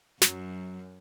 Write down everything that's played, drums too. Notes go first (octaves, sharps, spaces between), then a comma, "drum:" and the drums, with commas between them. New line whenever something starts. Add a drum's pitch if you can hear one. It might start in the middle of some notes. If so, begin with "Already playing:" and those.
F#2 F#3, drum: snare